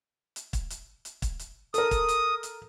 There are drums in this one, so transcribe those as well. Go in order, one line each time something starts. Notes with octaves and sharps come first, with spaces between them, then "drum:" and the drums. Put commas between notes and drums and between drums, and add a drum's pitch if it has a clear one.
drum: hi-hat
drum: kick, hi-hat
drum: hi-hat
drum: hi-hat
drum: kick, hi-hat
drum: hi-hat
A4 A#4 D#6, drum: hi-hat
drum: kick, hi-hat
drum: hi-hat
drum: hi-hat